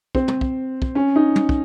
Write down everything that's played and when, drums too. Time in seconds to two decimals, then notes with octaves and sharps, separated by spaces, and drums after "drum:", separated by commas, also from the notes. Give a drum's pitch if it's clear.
0.15 C4, drum: kick
0.28 drum: tom
0.41 drum: kick
0.82 drum: kick
0.95 C#4
1.16 D#4
1.36 drum: tom
1.49 drum: kick